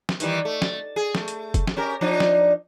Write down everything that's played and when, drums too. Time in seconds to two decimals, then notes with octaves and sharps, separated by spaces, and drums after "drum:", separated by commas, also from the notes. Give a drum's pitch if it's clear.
0.09 drum: snare
0.20 D#3 E3 G3, drum: hi-hat
0.45 A3
0.62 drum: snare
0.96 G#4
1.15 A3, drum: snare
1.28 drum: hi-hat
1.54 drum: kick, hi-hat
1.67 drum: snare
1.77 C#4 G4 A#4
2.01 F3 D4 D#4
2.20 drum: snare